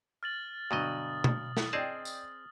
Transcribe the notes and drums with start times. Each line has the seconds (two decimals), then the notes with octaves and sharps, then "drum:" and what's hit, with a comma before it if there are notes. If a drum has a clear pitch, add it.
0.23 F6 A6 F#7
0.71 G2 B2 D3 F#3 D#5 D#6
1.24 drum: tom B2
1.57 drum: snare
1.73 C4 G#4 D5 D#5 G5 A5
2.05 drum: tambourine